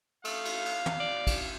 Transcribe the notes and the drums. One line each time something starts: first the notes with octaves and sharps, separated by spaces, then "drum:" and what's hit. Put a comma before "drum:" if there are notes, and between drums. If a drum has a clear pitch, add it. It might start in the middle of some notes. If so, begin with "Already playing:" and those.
A3 F5, drum: cymbal
drum: cymbal
drum: cymbal
drum: tom
D5
drum: kick, cymbal